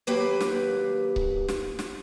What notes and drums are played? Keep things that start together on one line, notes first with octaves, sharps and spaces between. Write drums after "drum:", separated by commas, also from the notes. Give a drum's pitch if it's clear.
D#2 F#3 A#3 G4 B4 F5
drum: snare
drum: kick C#1
drum: snare
drum: snare